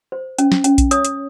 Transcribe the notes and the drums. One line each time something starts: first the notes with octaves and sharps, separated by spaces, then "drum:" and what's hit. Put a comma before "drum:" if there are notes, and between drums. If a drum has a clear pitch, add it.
C5
C#4, drum: hi-hat
drum: snare
C#4, drum: hi-hat
drum: kick A#1, hi-hat
C#5 D#6, drum: hi-hat
drum: hi-hat